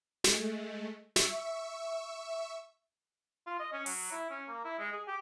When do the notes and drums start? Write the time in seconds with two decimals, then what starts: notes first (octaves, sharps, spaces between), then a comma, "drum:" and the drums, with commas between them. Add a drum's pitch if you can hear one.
0.24 G#3 A3, drum: snare
1.16 E5 C#6, drum: snare
3.47 F4
3.59 D#5
3.73 C#4
3.86 F#3, drum: open hi-hat
4.12 E4
4.30 C#4
4.48 A#3
4.64 E4
4.79 G#3
4.93 G#4
5.08 G4